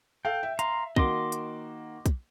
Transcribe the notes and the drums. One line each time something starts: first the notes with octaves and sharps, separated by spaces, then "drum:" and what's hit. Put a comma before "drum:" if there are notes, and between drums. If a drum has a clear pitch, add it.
A4 F5 G5
E5
F5 A#5 C6, drum: hi-hat
D#3 A#3 F#4 D#5 C6 D6, drum: kick
drum: hi-hat
drum: kick, hi-hat